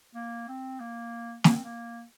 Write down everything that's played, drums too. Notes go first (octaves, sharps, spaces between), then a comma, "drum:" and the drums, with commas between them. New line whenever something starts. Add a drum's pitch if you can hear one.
A#3
C4
A#3
A#3, drum: snare
C4
A#3